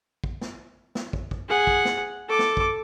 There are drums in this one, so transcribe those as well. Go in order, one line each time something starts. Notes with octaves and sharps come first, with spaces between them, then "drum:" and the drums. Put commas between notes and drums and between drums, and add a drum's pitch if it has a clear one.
drum: kick
drum: snare
drum: snare
drum: kick
drum: kick
G#4 F#5
drum: kick
drum: snare
A4 D6
drum: snare
drum: kick